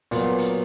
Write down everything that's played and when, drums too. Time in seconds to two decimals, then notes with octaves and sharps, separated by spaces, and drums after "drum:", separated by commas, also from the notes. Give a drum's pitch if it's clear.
0.11 A#2 F#3 B3, drum: hi-hat
0.38 drum: hi-hat